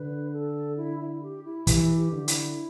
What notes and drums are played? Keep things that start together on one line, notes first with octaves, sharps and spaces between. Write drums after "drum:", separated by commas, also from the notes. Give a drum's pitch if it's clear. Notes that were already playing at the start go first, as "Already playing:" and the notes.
Already playing: D3 B4
A4
E4
E4
G4
E4
E3 G4, drum: kick, hi-hat
G4
D3
E4, drum: hi-hat